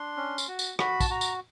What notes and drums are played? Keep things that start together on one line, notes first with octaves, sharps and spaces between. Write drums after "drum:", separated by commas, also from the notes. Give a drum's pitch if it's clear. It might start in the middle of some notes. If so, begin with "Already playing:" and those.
Already playing: D4 C6
C#4
drum: tambourine
F#4
drum: tambourine
F#4 B5, drum: rim click
A5, drum: kick, tambourine
F#4 A#5
drum: tambourine